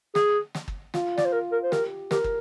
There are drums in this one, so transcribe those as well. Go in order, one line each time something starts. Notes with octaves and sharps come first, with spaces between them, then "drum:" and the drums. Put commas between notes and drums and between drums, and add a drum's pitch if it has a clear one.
G#4, drum: snare
drum: snare
drum: kick
F4, drum: snare
D5, drum: snare
C5
A#4
A#4
C5
G4 A#4, drum: snare
G4 A#4, drum: snare
drum: kick